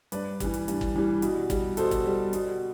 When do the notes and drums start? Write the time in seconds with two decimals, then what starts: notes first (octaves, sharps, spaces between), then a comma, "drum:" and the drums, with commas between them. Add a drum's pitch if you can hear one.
0.12 G2 B4 D5, drum: hi-hat
0.40 E3 G3, drum: kick, hi-hat
0.54 drum: hi-hat
0.68 G2, drum: hi-hat
0.81 drum: kick
0.96 E3 G3
1.22 B2, drum: hi-hat
1.50 G3, drum: kick, hi-hat
1.77 B2 A4 C5, drum: hi-hat
1.91 drum: kick, hi-hat
2.06 G3
2.33 B2, drum: hi-hat